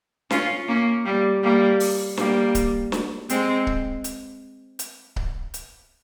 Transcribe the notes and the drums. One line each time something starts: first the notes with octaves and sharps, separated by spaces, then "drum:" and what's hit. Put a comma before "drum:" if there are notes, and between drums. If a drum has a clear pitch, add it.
C#4 F4, drum: snare
A#3 C#4
G3 A#3
G3 A#3
drum: open hi-hat
G3 A#3, drum: snare
drum: kick C#1, hi-hat
drum: snare
G#3 C4, drum: hi-hat
drum: kick C#1
drum: hi-hat
drum: hi-hat
drum: kick C#1
drum: hi-hat